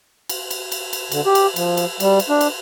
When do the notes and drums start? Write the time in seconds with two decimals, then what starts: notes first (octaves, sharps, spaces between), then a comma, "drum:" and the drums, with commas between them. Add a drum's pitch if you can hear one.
0.29 drum: cymbal
0.51 drum: cymbal
0.72 drum: cymbal
0.93 drum: cymbal
1.12 D3, drum: cymbal
1.26 G4
1.35 drum: cymbal
1.56 F3, drum: cymbal
1.77 drum: cymbal
2.00 G3, drum: cymbal
2.20 drum: cymbal
2.29 D4
2.41 drum: cymbal